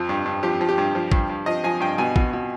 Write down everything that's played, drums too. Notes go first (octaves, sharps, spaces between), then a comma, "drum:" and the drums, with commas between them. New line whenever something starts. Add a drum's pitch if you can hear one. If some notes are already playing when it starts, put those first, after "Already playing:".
Already playing: F2 F3
G2
G2
F3 G4
F3
G4
G2
F3
G2, drum: kick
G2
F3 D#5
F3 G#5
G2 G5
B2 G#5
B2, drum: kick
B2